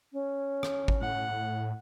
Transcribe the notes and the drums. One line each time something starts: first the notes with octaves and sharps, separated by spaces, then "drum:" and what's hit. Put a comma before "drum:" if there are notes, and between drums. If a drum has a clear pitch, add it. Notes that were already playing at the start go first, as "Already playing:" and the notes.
C#4
drum: rim click
drum: kick G#1
A2 F#5